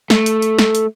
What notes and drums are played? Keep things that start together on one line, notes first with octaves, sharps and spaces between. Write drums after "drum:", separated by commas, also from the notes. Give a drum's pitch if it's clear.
A3, drum: snare
drum: hi-hat
drum: hi-hat
drum: snare
drum: hi-hat